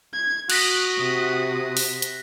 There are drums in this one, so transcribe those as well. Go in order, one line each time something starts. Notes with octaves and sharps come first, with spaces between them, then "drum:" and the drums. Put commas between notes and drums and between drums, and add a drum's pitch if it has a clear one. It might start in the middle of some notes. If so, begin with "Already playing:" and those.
G#6
F#4 D#6 F#6 A#6 B6, drum: cymbal
C3
drum: open hi-hat
drum: hi-hat